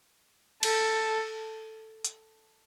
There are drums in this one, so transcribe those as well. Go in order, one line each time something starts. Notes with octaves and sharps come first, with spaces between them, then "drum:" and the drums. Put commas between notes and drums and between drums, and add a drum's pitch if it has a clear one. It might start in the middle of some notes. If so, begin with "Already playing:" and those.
A4, drum: cymbal
drum: hi-hat